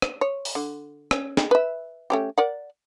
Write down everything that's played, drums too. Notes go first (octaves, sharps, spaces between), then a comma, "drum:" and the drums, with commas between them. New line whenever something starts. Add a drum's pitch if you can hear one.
drum: rim click
C#5
drum: open hi-hat
D3
C#4, drum: rim click
drum: snare
B4 E5
A3 C#4 G4
A#4 D5 F#5